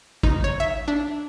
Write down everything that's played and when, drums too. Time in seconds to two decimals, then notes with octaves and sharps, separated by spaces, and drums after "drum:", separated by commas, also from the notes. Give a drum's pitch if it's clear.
0.23 D#4, drum: kick
0.44 C#5
0.60 E5
0.88 D4